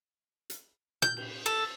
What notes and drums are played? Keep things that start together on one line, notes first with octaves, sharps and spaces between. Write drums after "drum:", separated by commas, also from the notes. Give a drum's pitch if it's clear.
drum: hi-hat
G6, drum: tom A#2
drum: cymbal
A4